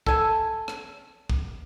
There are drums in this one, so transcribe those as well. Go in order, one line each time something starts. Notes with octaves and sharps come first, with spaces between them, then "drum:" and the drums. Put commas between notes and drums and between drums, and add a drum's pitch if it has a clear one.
A4 G#5, drum: kick
drum: rim click
drum: kick